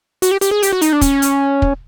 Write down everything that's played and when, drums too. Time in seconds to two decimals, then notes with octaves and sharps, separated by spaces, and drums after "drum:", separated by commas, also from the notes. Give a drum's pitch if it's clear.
0.22 F#4, drum: hi-hat
0.31 G4
0.41 G4, drum: hi-hat
0.51 G#4
0.63 G4, drum: hi-hat
0.73 F#4
0.82 D#4, drum: hi-hat
0.93 D4
1.01 C#4, drum: kick, hi-hat
1.22 drum: hi-hat
1.62 drum: kick